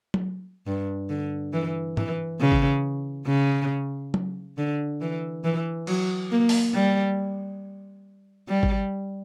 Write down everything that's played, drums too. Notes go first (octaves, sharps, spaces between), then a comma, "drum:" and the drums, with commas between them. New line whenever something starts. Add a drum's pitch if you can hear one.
drum: tom F#3
G2
D3
E3
E3, drum: tom
C#3
drum: kick G#1
C#3
drum: tom F#3
D3
E3
E3
F#3, drum: cymbal
A#3
drum: open hi-hat
G3
G3
drum: kick G#1